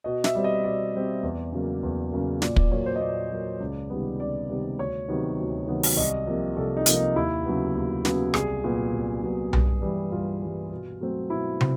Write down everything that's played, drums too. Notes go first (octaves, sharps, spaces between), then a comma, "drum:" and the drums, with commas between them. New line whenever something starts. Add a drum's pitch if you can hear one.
B2 D#5
E5, drum: snare
G3 C4
D#5
B2 D5
G3 C4
E2
C#3 F#3 A#3
E2
C#3 F#3 A#3
A#2 D5, drum: snare
D5, drum: kick
F#3 A#3 C#5
C5
D#5
A#2 D5
F#3 A#3
C#2
C3 D#3 G3 B3
C#2 D5
C3 D#3 G3 B3
D2 C#5
C3 D#3 F#3 B3
D2
C3 D#3 F#3 B3
drum: open hi-hat
C2 D#5
C3 F3 A#3
C2 A4
D#4
C3 F3 A#3, drum: hi-hat
D#4
D#2 E4
C#3 F#3 B3
D#2
C#3 F#3 B3, drum: snare
C2 G#4, drum: rim click
A#2 F#3 B3
C2
A#2 F#3 B3
G2, drum: tom B1
E3 G3
G2 F4
E3 G3
B2
F#3 A3 C4
B2 E4
C4, drum: tom